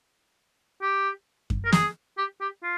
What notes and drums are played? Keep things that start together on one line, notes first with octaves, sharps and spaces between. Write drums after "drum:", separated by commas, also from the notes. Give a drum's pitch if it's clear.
G4
drum: kick F#2
A#4
G#4, drum: snare
G4
G4
F4